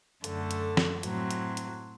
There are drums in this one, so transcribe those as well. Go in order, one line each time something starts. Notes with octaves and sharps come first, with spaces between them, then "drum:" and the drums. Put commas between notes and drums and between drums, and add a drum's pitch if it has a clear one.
F#2 D3 A3, drum: hi-hat
drum: hi-hat
drum: snare
A2 F#3 C4, drum: hi-hat
drum: hi-hat
drum: hi-hat